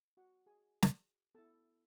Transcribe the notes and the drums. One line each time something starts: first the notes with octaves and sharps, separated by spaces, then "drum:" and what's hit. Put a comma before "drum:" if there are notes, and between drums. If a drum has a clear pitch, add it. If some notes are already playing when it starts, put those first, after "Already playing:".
F#4 F#5
G#4 G#5
drum: snare
B3 E4 A4 A5